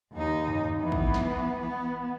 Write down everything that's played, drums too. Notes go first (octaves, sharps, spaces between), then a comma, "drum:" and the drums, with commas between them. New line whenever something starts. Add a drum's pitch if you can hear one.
D#2 D#4
drum: tom F2
E3 B3
drum: kick
drum: snare
B3